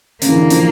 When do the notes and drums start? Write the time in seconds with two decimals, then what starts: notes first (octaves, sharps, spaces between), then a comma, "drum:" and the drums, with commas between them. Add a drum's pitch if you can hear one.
0.22 C#3 A#3, drum: hi-hat
0.29 E3
0.36 D3
0.50 F3, drum: hi-hat